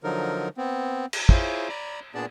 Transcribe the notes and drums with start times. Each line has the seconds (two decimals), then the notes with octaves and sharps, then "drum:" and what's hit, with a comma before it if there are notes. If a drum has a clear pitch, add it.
0.04 D3 F3 F#3 D#4 A#4
0.57 B3 C4
1.13 drum: cymbal
1.29 E4 F4 G#4 C5 C#5, drum: kick
1.69 D5 A#5 B5
2.15 A#2 B3 D4 G#4 D5 A5